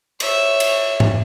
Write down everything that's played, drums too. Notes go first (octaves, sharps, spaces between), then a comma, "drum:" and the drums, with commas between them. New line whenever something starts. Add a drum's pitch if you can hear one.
C#5 E5, drum: cymbal
drum: cymbal
drum: tom G#2